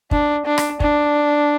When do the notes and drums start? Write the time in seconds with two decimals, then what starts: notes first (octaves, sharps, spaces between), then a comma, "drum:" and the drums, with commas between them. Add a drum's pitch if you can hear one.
0.11 D4, drum: kick
0.46 D4
0.58 drum: rim click
0.80 D4, drum: kick